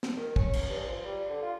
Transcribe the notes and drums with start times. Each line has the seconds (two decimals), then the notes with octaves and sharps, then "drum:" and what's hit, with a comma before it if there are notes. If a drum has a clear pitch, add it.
0.03 drum: snare
0.17 D#3
0.36 C#4, drum: kick
0.53 drum: cymbal
0.70 G2
0.86 F3
1.05 G3
1.30 D3
1.43 F4